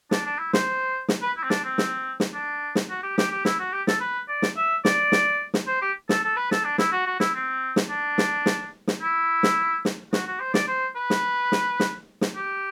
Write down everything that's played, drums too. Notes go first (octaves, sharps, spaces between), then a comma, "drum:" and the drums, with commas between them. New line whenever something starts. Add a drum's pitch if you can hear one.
D4, drum: snare
D4
E4
C5, drum: snare
drum: snare
B4
E4
C4
D4, drum: snare
C4
drum: snare
drum: snare
D4
drum: snare
F#4
G4
G4, drum: snare
G4
E4, drum: snare
F#4
G4
A4, drum: snare
B4
D5
drum: snare
E5
D5, drum: snare
drum: snare
drum: snare
C5
G4
A4, drum: snare
A4
B4
A4, drum: snare
D4
E4, drum: snare
F#4
F#4
E4, drum: snare
C4
drum: snare
D4
drum: snare
drum: snare
drum: snare
E4
drum: snare
drum: snare
F#4, drum: snare
F#4
C5
D5, drum: snare
C5
B4
drum: snare
drum: snare
drum: snare
drum: snare
G4